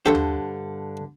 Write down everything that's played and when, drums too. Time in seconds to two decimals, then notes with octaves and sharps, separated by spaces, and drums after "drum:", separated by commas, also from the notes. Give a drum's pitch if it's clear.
0.06 G2 D3 D4 G4 A4 C5 C#5
0.15 drum: tom D#2